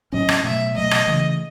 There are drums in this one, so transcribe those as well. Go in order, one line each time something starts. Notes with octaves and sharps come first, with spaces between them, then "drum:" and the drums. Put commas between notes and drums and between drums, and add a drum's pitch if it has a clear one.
A2 F#3 C#4 D#5
drum: rim click
B2 F#3 A3 E5
B2 F#3 A3 D#5
drum: rim click
C#3 E3 A3